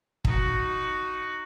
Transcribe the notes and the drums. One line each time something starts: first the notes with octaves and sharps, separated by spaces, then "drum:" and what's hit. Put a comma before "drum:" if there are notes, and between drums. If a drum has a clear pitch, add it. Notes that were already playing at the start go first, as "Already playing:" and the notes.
D#4 F#4, drum: kick